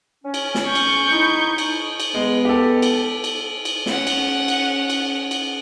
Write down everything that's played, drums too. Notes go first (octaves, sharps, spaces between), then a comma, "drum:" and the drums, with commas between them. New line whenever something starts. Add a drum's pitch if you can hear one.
C#4
drum: cymbal
drum: snare
C#6 G6
drum: cymbal
D#4 E4
drum: cymbal
drum: cymbal
G#3 B3
G4 A4
drum: cymbal
drum: cymbal
drum: cymbal
C#4 F#5, drum: snare
drum: cymbal
drum: cymbal
drum: cymbal
drum: cymbal